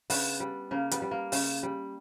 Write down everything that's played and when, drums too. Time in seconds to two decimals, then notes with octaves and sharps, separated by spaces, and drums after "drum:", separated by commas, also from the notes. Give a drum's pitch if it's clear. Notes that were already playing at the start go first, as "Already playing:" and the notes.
0.10 C#3 B3 D4, drum: open hi-hat
0.40 G3
0.71 C#3 A#3
0.91 G3 B3, drum: hi-hat
1.02 G3
1.11 A#3
1.32 C#3, drum: open hi-hat
1.63 G3